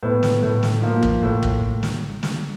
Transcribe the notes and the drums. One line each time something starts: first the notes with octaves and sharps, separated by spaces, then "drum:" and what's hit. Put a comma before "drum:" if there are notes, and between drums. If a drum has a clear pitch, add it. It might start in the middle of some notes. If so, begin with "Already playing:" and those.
A2 B3
drum: snare
A2
drum: snare
F3 A#3
drum: kick
A2
drum: kick
drum: snare
drum: snare